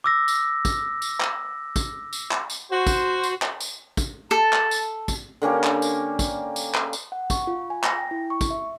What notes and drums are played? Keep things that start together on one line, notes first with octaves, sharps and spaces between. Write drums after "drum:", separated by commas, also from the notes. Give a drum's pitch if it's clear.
D6 E6 A#6
drum: tambourine
drum: kick, tambourine
drum: tambourine
drum: clap
drum: kick, tambourine
drum: tambourine
drum: clap
drum: tambourine
F#4 C5
drum: kick, tambourine
drum: tambourine
drum: clap
drum: tambourine
drum: kick, tambourine
A4 A5
drum: clap
drum: tambourine
drum: kick, tambourine
D3 A#3 C#4 G4
drum: clap
drum: tambourine
drum: kick, tambourine
drum: tambourine
drum: clap
drum: tambourine
F#5
C#6, drum: kick, tambourine
F4
G#5
A#6, drum: clap
G5
E4
C#6
drum: kick, tambourine
E5